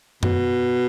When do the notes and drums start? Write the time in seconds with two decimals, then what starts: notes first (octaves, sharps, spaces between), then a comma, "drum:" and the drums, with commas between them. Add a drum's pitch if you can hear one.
0.23 B2, drum: tom F#2